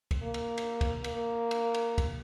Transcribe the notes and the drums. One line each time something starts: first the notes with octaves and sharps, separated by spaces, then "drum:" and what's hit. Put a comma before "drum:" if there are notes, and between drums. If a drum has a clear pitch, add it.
drum: kick, cymbal
A#3
drum: cymbal
drum: cymbal
drum: kick, cymbal
A#3, drum: cymbal
drum: cymbal
drum: cymbal
drum: kick, cymbal